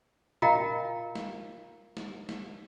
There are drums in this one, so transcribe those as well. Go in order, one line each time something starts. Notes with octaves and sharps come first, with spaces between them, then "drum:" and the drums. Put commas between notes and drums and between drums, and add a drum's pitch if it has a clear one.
F4 A#4 D#5 F5 G5 A#5, drum: tom A#2
drum: snare
drum: snare
drum: snare